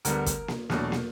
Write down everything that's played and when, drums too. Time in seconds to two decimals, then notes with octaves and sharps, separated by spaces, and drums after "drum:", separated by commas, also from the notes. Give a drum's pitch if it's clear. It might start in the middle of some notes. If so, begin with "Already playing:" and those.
0.05 D2 D3 G3 B3 A#4, drum: hi-hat
0.26 drum: kick, hi-hat
0.48 drum: snare
0.70 E2 B2 F#3 A3 D4, drum: snare
0.92 drum: snare